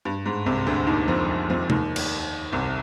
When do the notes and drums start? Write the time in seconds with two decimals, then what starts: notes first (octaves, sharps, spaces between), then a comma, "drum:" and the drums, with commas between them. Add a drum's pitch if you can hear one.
0.05 G2
0.26 G#2
0.46 C2 C3
0.67 D2 D3
0.87 D#2 D#3
1.08 F2 F3
1.50 F2 F3
1.70 D#2 D#3, drum: tom C3
1.96 drum: cymbal
2.52 C2 C3